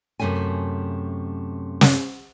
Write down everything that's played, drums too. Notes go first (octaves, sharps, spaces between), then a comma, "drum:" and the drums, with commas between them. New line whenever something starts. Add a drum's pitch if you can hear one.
F#2 C3 A3 C#4 G#5
drum: snare